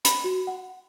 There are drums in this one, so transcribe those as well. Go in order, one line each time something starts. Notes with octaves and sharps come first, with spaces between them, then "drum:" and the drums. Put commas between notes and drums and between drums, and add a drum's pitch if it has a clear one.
B5, drum: hi-hat
F#4
F#5